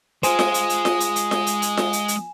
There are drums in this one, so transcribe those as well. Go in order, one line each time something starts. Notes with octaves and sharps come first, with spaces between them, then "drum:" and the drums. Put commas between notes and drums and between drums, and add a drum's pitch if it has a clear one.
G#3 F4 G#4 C5 G#5 D#6 E7, drum: hi-hat
drum: snare F4
drum: hi-hat
drum: hi-hat
drum: snare F4
drum: hi-hat
drum: hi-hat
drum: snare F4
drum: hi-hat
drum: hi-hat
drum: snare F4
drum: hi-hat
drum: hi-hat